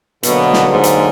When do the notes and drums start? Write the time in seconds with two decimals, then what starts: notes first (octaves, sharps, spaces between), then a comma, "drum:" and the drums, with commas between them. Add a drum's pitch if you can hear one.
0.23 B2 D3 F#3 A#3, drum: hi-hat
0.53 drum: snare
0.68 G#2
0.84 drum: hi-hat